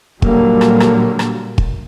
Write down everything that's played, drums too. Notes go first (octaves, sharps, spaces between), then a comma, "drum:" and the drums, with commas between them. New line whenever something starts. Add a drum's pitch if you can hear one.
A#2 D3 F#3 G3 A#3, drum: kick
drum: rim click
drum: rim click
drum: rim click
drum: kick